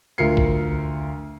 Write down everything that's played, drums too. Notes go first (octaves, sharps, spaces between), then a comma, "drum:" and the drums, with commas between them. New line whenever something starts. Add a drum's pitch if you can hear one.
D2 F4 A#4 C7 C#7
drum: kick A#1